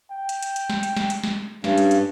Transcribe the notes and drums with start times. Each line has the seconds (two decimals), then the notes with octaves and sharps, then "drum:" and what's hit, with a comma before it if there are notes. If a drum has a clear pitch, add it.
0.11 G5
0.29 drum: hi-hat
0.43 drum: hi-hat
0.56 drum: hi-hat
0.70 drum: snare
0.83 drum: hi-hat
0.97 drum: snare
1.10 drum: hi-hat
1.24 drum: snare
1.64 G2 C#4, drum: snare
1.78 drum: hi-hat
1.91 drum: hi-hat